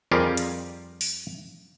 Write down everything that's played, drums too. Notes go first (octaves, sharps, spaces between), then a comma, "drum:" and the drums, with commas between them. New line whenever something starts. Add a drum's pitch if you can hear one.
F2 G3 F4 G4 G#4 A#4
drum: hi-hat
drum: open hi-hat